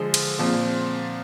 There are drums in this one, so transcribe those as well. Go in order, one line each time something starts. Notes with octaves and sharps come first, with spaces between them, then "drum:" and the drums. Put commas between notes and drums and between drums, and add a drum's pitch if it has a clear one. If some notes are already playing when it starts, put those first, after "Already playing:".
Already playing: D3 F3 G#3
drum: cymbal
A#2 F3 C4